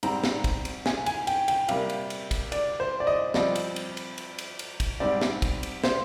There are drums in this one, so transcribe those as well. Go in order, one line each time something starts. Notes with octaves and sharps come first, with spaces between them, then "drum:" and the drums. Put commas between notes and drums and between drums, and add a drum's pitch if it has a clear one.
G#2 G3 C4 A#5, drum: cymbal
drum: snare
drum: kick, cymbal
drum: cymbal
G#5, drum: snare
G#5, drum: cymbal
G5, drum: cymbal
G5, drum: cymbal
C3 G3 A#3 F5, drum: cymbal
drum: cymbal
drum: cymbal
drum: kick, cymbal
D5, drum: cymbal
C5
D5
D#5
G2 F3 C4 D5, drum: snare
drum: cymbal
drum: cymbal
drum: cymbal
drum: cymbal
drum: cymbal
drum: cymbal
drum: kick, cymbal
G#2 G3 C4 D5
drum: snare
drum: kick, cymbal
drum: cymbal
C5, drum: snare